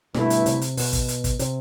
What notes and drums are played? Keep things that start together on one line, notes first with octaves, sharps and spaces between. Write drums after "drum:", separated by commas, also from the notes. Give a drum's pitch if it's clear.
G2 B2 D3 A3 E4, drum: snare
drum: hi-hat
C3, drum: hi-hat
drum: hi-hat
B2, drum: open hi-hat
drum: kick, hi-hat
drum: hi-hat
drum: kick, hi-hat
C3, drum: hi-hat